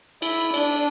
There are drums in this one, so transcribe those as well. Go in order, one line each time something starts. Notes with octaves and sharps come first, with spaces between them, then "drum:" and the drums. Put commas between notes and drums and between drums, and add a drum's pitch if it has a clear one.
E4, drum: cymbal
D4, drum: cymbal